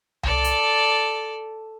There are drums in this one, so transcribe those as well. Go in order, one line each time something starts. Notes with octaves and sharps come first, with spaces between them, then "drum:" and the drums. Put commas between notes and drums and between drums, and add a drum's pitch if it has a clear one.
A4 D5, drum: tom C2
drum: hi-hat